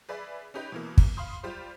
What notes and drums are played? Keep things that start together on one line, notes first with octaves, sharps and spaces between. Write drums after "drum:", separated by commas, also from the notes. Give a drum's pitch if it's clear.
G#4 B4 D5 E5
C#4 D#4 G4 B4
B2 E3 A#3
drum: kick
F5 B5 C6 D#6
G3 F4 G4 C5